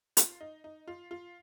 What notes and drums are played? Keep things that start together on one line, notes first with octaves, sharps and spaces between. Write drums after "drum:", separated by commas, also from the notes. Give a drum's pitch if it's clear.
F4, drum: hi-hat
D#4
D#4
F4
F4